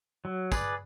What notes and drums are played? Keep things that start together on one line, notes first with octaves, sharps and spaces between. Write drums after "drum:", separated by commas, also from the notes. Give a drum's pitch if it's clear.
F#3
G#4 B4 D5, drum: kick, tambourine